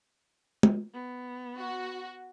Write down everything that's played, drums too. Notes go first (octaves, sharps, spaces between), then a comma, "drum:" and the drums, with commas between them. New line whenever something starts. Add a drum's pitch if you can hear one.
drum: tom
B3
F#4